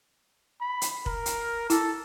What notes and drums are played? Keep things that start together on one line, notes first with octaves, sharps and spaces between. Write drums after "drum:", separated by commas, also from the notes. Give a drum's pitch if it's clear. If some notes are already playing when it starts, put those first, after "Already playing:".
B5
drum: hi-hat
A#4, drum: kick
drum: hi-hat
E4 A4, drum: hi-hat